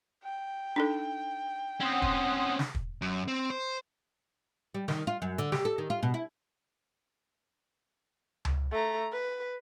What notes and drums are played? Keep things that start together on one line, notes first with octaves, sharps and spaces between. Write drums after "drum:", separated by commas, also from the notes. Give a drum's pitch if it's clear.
G5
D4 D#4 A4
C4 C#4 F#5 C6 D#6
drum: kick
drum: snare
drum: kick
F#2
C4
C5
G3
D#3, drum: snare
F4
F#2
D3, drum: hi-hat
G4, drum: snare
A4
D#3
F4
B2
E4
drum: tom C#2
A3 A#5
B4